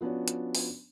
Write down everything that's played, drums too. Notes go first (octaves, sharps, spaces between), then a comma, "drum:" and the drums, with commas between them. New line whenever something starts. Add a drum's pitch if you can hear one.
F3 B3 C#4 D4 F#4
drum: hi-hat
drum: open hi-hat